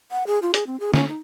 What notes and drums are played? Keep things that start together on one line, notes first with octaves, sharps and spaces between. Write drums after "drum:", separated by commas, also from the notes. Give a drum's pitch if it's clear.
F#5
G#4
F4
G#4, drum: hi-hat
C4
G#4
C#4, drum: snare
D#4